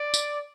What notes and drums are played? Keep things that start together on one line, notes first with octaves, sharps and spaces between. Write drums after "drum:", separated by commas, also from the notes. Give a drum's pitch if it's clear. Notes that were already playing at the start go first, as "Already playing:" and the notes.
Already playing: D5
drum: tambourine